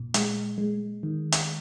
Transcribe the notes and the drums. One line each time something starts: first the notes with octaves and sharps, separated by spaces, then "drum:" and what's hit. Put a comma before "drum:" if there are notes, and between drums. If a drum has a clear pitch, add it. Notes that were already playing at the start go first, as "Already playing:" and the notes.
Already playing: A#2
G#3, drum: hi-hat
G#3
D#3
drum: hi-hat